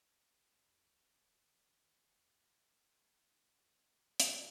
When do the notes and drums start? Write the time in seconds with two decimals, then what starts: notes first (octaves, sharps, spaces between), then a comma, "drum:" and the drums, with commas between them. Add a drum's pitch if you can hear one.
0.54 D2
0.68 F2
0.86 C2
1.06 A1
1.21 D1
1.45 D#3
1.59 D#1
1.70 G#1
1.87 D#3
2.04 E1
2.19 E2
3.31 D#4 F#5
3.47 F#2 C#4
3.69 D#1 G#4 F5
4.20 drum: hi-hat